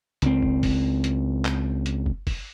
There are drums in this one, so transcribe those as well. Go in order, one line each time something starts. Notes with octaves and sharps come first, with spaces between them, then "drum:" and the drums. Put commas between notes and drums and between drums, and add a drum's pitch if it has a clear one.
C#2 C4, drum: hi-hat
drum: kick
drum: kick, open hi-hat
drum: hi-hat
drum: clap
drum: hi-hat
drum: kick
drum: kick, open hi-hat